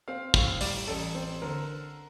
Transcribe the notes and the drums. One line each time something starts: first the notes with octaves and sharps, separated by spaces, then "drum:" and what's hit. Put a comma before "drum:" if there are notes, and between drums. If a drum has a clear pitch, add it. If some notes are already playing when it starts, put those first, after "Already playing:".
C4 F5
A2 F5, drum: kick
G3 D5, drum: open hi-hat
A1 A4
C4
D3 A#4